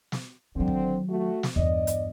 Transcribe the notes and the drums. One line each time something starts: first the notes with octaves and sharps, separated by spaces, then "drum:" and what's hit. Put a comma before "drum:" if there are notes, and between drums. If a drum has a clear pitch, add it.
drum: snare
D3 D#3 F#3 C4
drum: kick
A3 F#4
drum: snare
E2 G2 D5 D#5
drum: hi-hat